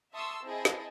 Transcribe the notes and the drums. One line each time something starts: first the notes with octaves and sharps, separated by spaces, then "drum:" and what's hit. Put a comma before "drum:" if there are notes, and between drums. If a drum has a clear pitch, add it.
E5 A5 C6 C#6 D#6 E6
C4 E4 G#4 D#5 G5 A5
drum: snare